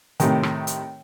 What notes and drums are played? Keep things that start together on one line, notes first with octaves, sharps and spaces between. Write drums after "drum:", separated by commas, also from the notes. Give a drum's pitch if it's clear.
A2 C3 D#3, drum: hi-hat
drum: rim click
drum: hi-hat